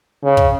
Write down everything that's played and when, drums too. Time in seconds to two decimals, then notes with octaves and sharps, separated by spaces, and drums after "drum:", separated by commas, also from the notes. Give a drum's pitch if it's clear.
0.24 C#3
0.37 drum: kick